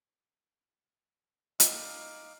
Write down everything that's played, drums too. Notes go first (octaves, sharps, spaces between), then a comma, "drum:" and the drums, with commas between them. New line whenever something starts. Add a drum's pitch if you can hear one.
D#4 F5 D6, drum: hi-hat